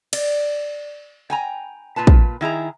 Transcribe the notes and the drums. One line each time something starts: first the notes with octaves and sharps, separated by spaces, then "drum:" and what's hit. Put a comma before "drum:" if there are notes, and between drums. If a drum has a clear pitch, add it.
D5, drum: cymbal
G5 G#5 A#5
A#2 F4 B4 A5
drum: kick
D#3 E4 G#4 A#5